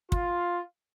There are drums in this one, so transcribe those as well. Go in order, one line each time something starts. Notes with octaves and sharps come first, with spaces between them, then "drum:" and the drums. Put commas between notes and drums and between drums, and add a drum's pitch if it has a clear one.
F4, drum: kick